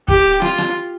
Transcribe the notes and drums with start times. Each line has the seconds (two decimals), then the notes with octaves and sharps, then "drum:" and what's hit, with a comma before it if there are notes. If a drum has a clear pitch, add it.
0.08 G4, drum: kick
0.42 F4, drum: rim click
0.58 drum: rim click